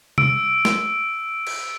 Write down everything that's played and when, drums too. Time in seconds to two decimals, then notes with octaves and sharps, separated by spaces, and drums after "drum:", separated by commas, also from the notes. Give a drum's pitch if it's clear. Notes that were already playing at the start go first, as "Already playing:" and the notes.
0.18 E6 D7, drum: tom C3
0.65 drum: snare
1.47 drum: cymbal